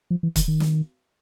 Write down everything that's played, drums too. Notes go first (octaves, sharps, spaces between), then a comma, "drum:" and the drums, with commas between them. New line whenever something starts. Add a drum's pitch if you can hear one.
F3
E3
D#3, drum: kick, hi-hat
D#3
drum: snare